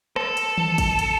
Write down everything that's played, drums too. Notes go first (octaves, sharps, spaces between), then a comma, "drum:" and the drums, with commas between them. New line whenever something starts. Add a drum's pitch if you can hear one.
A4, drum: rim click
drum: hi-hat
drum: tom D#3
drum: kick, hi-hat
drum: hi-hat